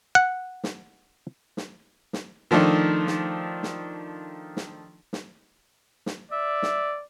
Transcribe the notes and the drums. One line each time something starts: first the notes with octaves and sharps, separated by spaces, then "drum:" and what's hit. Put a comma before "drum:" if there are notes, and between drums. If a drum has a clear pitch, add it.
F#5
drum: snare
drum: snare
drum: snare
D#3 F3 A3 D4 D#4
drum: snare
drum: snare
drum: snare
drum: snare
drum: snare
D5 E5
drum: snare